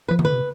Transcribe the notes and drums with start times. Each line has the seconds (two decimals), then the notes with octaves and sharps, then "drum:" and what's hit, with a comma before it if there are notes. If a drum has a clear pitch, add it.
0.08 F3 B4
0.19 E3, drum: tom C#3
0.25 D3 B4
0.34 C3